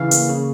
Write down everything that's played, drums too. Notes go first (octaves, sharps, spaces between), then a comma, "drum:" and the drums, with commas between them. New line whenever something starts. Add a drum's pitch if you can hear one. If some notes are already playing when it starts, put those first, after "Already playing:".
Already playing: C#3 E3 F5
A#3, drum: hi-hat
C#3